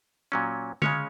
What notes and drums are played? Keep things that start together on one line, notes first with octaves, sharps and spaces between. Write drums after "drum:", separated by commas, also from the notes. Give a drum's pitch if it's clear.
A#2 F#3 C#4
C#3 G#3 C#4 C#5, drum: tom D3